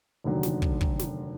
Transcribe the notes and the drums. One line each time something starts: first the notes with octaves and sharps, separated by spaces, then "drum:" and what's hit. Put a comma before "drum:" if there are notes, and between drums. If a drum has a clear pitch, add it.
F1 D#2 D3 F#3
drum: snare
drum: kick
drum: kick
drum: snare